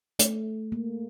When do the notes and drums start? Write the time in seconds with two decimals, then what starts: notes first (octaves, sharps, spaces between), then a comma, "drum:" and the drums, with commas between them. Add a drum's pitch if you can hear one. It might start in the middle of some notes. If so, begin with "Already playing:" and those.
0.19 A3, drum: hi-hat
0.72 A#3